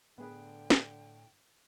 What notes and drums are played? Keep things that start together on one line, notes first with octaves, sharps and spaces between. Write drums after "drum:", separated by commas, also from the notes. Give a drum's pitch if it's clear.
A2 D3 B3 G#4 B4 G5
drum: snare